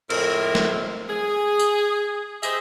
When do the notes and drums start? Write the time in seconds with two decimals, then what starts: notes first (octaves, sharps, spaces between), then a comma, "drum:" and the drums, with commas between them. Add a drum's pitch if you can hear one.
0.10 F2 A2 G#3 C4 E4 A#4, drum: cymbal
0.55 drum: snare
1.09 G#4
1.59 drum: tambourine
2.43 G4 G#4 C5 D#5 E5, drum: tambourine